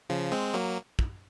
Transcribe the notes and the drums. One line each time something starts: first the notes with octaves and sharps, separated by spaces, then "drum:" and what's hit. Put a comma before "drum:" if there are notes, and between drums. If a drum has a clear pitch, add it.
C#3 F3
G#3 C4
F#3 A#3
drum: kick